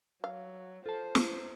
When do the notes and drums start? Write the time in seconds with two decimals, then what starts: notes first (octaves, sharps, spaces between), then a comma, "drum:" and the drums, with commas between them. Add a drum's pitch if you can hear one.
0.24 F#3 F5
0.86 F4 A4 C5 A5
1.15 drum: snare